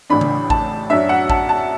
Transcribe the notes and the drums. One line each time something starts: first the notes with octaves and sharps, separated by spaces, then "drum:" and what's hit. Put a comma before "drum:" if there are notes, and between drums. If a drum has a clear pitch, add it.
A1 A2 E3 D4 B5
drum: tom C#3
A5, drum: kick A1
F#2 F#3 D4 E5
F#5
A5, drum: kick A1
A5